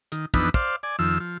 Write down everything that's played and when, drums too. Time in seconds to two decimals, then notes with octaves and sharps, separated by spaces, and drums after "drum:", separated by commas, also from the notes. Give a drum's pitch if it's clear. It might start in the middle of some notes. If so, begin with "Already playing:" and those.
0.12 D#3, drum: hi-hat
0.34 F2 E3 B3 D4 D#4 B5, drum: kick
0.54 C5 D5 F5, drum: kick
0.83 D5 G#5
0.99 F2 D#3 F3 E6
1.20 F3